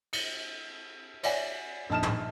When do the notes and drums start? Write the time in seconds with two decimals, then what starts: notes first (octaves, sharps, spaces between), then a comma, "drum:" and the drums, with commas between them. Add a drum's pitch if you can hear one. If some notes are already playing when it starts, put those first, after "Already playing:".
0.13 C#7, drum: cymbal
1.23 C#5 D5 E5 F#5 G#5, drum: cymbal
1.90 A#1 D#4 A5 F6 E7
2.03 drum: tom